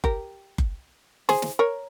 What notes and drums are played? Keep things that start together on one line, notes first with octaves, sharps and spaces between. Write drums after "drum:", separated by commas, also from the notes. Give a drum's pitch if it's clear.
G4 A#4, drum: kick F#1
drum: kick F#1
G#4 C5, drum: snare
drum: snare
A#4 C#5